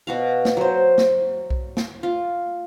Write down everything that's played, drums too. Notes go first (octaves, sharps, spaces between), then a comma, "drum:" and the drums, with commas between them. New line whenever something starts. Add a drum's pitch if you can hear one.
B2 F#4 F5
drum: snare
F#3 C5
drum: snare
drum: kick B1
drum: snare
F4